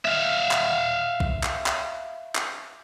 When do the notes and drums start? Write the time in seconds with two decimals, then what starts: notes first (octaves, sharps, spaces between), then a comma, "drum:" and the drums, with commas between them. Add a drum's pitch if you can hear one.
0.05 E5 F5
0.51 drum: clap
1.20 drum: kick B1
1.43 drum: clap
1.66 drum: clap
2.35 drum: clap